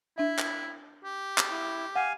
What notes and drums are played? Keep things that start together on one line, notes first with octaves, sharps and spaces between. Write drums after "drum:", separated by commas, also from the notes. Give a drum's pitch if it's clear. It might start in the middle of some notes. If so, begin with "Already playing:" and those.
D4 E4 E5
drum: clap
G4
drum: clap
E4
F5 F#5 G#5